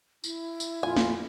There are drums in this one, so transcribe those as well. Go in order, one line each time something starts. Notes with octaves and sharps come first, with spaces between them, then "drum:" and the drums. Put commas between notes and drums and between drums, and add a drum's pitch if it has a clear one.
E4, drum: tambourine
drum: tambourine
F2 A#2 F4 G#5
drum: snare